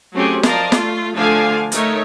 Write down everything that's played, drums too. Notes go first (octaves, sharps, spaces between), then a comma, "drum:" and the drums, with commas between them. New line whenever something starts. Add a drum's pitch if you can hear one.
F#3 A3 C4 C#4 G4 G#4
F3 A#4 D5 D#5 F5 A5, drum: snare
A3 F4, drum: snare
D3 F3 A3 D4 F5 G#5
A3 D#4 A#4 C#5 E5, drum: hi-hat